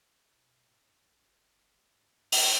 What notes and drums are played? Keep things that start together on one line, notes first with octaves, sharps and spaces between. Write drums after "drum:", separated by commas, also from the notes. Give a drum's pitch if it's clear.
B2
G#2
F#2
A#1
G1
G#2
G2
drum: open hi-hat
F2